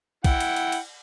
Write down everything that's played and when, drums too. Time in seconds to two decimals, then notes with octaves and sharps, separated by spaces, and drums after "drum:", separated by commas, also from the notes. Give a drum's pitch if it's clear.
0.24 E4 F#5 G5, drum: kick, cymbal
0.40 drum: cymbal
0.56 drum: cymbal
0.72 drum: cymbal